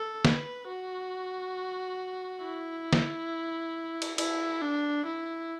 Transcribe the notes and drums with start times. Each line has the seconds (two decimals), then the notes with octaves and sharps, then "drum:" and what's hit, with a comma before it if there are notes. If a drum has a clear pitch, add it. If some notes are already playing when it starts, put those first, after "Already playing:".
Already playing: A4
0.25 B4, drum: snare
0.68 F#4
2.43 E4
2.93 drum: snare
4.02 drum: cymbal
4.18 E4, drum: cymbal
4.62 D4
5.06 E4